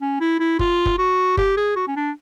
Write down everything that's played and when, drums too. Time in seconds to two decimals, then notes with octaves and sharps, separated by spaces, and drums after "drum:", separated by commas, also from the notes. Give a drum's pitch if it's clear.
0.02 C#4
0.21 E4
0.40 E4
0.59 F4, drum: kick
0.86 drum: kick
0.98 F#4
1.37 G4, drum: kick
1.57 G#4
1.76 F#4
1.88 C#4
1.96 D4